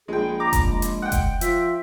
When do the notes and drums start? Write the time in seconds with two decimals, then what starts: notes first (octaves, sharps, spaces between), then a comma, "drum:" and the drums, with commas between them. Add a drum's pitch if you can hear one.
0.08 A#1 G#3 G#4 G5
0.40 A#5 D6
0.53 drum: kick F1, hi-hat
0.64 G#3
0.82 drum: hi-hat
1.02 F#5 G5
1.12 drum: kick F1, hi-hat
1.41 F3 E5, drum: hi-hat